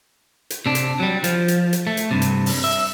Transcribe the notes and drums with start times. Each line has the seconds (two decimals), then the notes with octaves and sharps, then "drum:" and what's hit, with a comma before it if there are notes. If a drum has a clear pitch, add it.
0.50 drum: hi-hat
0.66 C3 D4
0.75 drum: hi-hat
1.00 F#3 G3
1.24 F3, drum: hi-hat
1.48 drum: hi-hat
1.73 drum: hi-hat
1.87 A3
1.97 drum: hi-hat
2.11 G2 C3
2.22 drum: hi-hat
2.46 drum: open hi-hat
2.64 E5